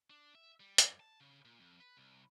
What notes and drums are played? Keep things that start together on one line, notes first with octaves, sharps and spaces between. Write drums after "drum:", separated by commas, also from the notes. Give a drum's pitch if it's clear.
D4
E5
G3
F#2, drum: hi-hat
A5
C#3
A#2
F2
B4
C2